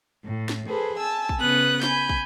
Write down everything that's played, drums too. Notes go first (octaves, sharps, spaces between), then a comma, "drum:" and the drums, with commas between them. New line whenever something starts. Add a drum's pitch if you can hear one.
A2
drum: snare
G#4 A4 B4 C5
G#5 A5 E6
drum: kick
C#3 B3 B4 D#6 F#6
G#5 B5 G6, drum: snare
drum: kick